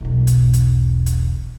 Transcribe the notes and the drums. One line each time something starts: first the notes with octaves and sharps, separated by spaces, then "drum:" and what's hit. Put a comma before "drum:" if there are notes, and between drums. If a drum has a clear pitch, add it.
E1 B1
drum: hi-hat
drum: hi-hat
drum: hi-hat